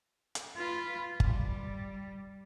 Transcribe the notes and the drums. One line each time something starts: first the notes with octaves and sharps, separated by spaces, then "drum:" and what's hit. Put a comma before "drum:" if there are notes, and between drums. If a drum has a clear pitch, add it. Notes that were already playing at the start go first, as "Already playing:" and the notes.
drum: hi-hat
F4 B4
G3, drum: kick G1